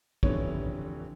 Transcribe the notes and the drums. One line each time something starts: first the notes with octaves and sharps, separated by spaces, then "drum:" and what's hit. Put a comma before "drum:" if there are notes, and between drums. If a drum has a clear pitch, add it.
F1 D3 E3 C#5, drum: kick